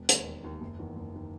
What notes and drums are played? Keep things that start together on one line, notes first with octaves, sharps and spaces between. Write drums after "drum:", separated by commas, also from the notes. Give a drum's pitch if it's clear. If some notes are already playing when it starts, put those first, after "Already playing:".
Already playing: E1
D#2 D#3, drum: hi-hat
E1
D#2 D#3
F#1
E2 D#3
F#1
D#3